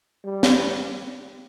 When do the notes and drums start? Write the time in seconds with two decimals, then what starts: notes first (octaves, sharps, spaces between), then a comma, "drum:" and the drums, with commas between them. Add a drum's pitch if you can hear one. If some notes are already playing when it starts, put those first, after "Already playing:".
0.24 G3
0.43 drum: snare